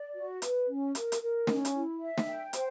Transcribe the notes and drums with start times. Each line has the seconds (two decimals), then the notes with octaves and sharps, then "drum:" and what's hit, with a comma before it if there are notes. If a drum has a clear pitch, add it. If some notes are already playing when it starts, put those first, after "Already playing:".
Already playing: D5
0.15 F#4
0.42 B4, drum: hi-hat
0.68 C#4
0.95 A#4, drum: hi-hat
1.12 drum: hi-hat
1.21 A#4
1.47 C#4, drum: snare
1.65 drum: hi-hat
1.74 E4
1.99 E5
2.18 drum: snare
2.27 G5
2.53 C5, drum: hi-hat